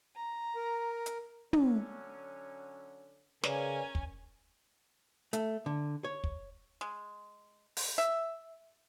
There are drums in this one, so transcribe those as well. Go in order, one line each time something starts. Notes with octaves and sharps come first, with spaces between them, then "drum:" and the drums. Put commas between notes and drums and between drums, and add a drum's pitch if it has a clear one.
A#5
A#4
drum: hi-hat
D3 F#3 C#4, drum: tom
C#3 C#4 A#4 B4 C#5 D5 G#5, drum: snare
drum: kick
A3, drum: hi-hat
D3
C#5
drum: kick
G#3
drum: open hi-hat
E5